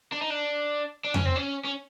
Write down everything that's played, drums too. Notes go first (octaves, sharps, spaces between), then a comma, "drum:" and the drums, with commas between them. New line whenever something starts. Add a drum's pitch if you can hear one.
D4
D#4
D4
D4
C#4, drum: tom F2
C4
C#4
C#4